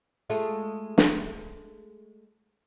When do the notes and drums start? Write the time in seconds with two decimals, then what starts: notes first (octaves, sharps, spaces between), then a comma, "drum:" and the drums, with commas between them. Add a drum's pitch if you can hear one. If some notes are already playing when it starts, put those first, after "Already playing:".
0.30 G#3 A3 F4
0.98 drum: snare